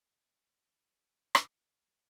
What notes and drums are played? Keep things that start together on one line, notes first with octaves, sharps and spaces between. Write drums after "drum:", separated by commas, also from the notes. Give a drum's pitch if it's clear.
A#4 E5
C3 G#3
drum: rim click